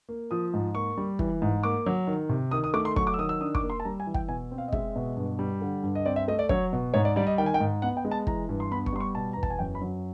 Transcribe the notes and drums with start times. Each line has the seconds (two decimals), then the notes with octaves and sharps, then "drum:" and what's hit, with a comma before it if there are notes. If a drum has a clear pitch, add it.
0.09 A#3
0.31 F3 D#6
0.54 G#2
0.75 A#3 C#6
0.97 G3
1.19 E3, drum: kick
1.42 G#2
1.63 A#3 D6
1.86 F#3
2.07 D#3
2.29 C3
2.51 D#3 D#6
2.64 D#6
2.74 A3 D6
2.85 C6
2.96 F#3 C#6, drum: kick
3.07 D6
3.14 E6
3.19 D#3 D#6
3.29 E6
3.41 D4 D#6
3.55 D6, drum: kick
3.63 A#3
3.70 C6
3.80 A5
3.85 G3 A#5
4.00 G#5
4.07 E3
4.14 G5, drum: kick
4.28 B2 G#5
4.51 C4
4.58 F5
4.68 D#5
4.73 G#3 E5, drum: kick
4.96 B2
5.17 G2
5.39 G3
5.61 D3
5.84 G2
5.95 D#5
6.06 C4 D5
6.16 E5
6.28 A3 D#5
6.39 D5
6.49 F#3 C#5, drum: kick
6.73 B2
6.94 G#2 C#5
7.05 D5
7.16 G3 D5
7.27 D#5
7.38 D#3 G5
7.46 G#5
7.54 G5
7.60 G#2
7.82 B3 F#5
7.97 G5
8.05 G#3
8.11 A5
8.27 E3 A#5, drum: kick
8.49 G2
8.60 C6
8.71 B3 B5
8.86 C#6, drum: kick
8.93 G3 C6
9.00 C#6
9.15 B2 A5
9.33 E2 A#5
9.43 A5, drum: kick
9.50 G#5
9.59 F#2 G5
9.75 B5
9.82 F#3